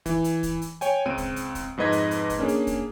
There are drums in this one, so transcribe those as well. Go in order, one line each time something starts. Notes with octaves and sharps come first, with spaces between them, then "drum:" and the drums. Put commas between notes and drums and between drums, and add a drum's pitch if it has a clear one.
E3, drum: kick, hi-hat
drum: hi-hat
drum: kick, hi-hat
drum: hi-hat
C#5 G5 G#5, drum: hi-hat
C#2 C4 D7 D#7
drum: kick, hi-hat
drum: hi-hat
drum: kick, hi-hat
F2 G#2 B4 D#5 G#6 B6
drum: hi-hat
drum: hi-hat
drum: kick, hi-hat
A#3 C#4 D4 G#4
drum: hi-hat
drum: kick, hi-hat